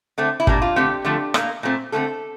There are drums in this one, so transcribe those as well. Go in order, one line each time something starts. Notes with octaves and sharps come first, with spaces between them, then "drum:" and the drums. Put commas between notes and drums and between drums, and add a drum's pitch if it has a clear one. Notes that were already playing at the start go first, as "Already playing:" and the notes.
D3 A3 C4
E4
A#2 G3 A#3 D4, drum: kick
F4
D3 A3 C4 G4
D3 F3 A3
A2 G3 A#3, drum: rim click
A#2 A3 C4
D3 A3 C4 A4